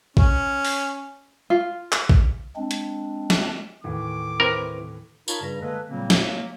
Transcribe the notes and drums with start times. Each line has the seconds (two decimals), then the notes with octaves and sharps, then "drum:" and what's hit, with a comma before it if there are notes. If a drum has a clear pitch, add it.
0.17 C#4, drum: kick A#1
0.65 drum: open hi-hat
1.50 F4
1.92 drum: clap
2.09 drum: kick A#1
2.56 G#3 C4 D4
2.71 drum: hi-hat
3.30 drum: snare
3.84 D#2 A2 E3 D6
4.40 C4 E4 A#4 B4
5.28 D#4 F4 A#4 C#5 A5 B5, drum: tambourine
5.42 G2 C#3 G3 A#5
5.61 D3 G#3 A#3 A4 B4
5.89 A#2 C#3 F#3 G3 A#3 C4
6.10 drum: snare
6.23 F#3 A#3